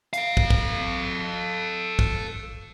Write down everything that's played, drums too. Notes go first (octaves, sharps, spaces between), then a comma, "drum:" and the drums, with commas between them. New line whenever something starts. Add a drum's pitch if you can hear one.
A4 F5, drum: hi-hat
drum: kick
drum: kick
drum: kick